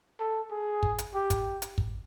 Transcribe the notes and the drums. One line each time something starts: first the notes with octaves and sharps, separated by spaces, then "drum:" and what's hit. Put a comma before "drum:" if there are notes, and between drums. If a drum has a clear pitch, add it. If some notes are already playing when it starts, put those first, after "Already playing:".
A4
G#4
drum: kick
drum: hi-hat
G4
drum: kick, hi-hat
drum: hi-hat
drum: kick